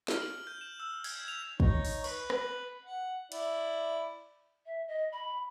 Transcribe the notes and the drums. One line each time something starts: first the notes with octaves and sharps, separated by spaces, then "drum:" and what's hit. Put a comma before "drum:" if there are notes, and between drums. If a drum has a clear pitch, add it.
F6, drum: snare
F#7
G6
E7
E6
G#6, drum: cymbal
F7
D#4 C#5, drum: kick
drum: open hi-hat
B4, drum: cymbal
drum: rim click
F#5
E4 D5, drum: cymbal
E5
D#5
B5